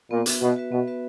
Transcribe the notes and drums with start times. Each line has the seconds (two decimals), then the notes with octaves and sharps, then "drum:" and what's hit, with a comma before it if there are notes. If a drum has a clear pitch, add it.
0.11 A#2 B3
0.26 F#4 B4 E5, drum: hi-hat
0.41 B2 B3
0.56 F#4 B4 E5
0.72 B2 B3
0.87 F#4 B4 E5